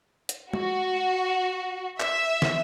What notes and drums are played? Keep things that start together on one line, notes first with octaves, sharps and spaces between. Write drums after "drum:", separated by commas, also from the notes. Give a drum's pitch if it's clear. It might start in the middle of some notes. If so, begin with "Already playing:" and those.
drum: hi-hat
F#4, drum: tom G#3
E5, drum: clap
drum: snare